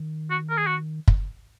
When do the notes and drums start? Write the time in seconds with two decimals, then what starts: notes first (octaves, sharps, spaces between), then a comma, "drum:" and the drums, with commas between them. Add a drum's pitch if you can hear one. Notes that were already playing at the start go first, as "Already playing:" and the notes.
Already playing: D#3
0.31 F#4
0.50 A#4
0.58 G#4
0.67 F#4
1.08 drum: kick